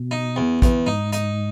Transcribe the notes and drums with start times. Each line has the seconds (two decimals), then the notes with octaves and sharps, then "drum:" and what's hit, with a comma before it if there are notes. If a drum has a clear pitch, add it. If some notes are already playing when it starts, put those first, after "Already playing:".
Already playing: B2
0.11 D#4
0.36 E2
0.62 E2, drum: kick, hi-hat
0.87 G#2 D#4
1.13 D#4, drum: hi-hat